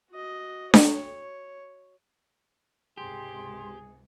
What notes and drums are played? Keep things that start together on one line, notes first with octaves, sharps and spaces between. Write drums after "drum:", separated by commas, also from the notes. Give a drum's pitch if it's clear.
F#4 D#5
C#5, drum: snare D4
C#2 G#2 C3 G4 G#4 C6